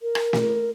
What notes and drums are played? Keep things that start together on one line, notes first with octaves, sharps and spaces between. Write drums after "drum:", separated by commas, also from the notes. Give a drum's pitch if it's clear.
A#4
drum: rim click
drum: snare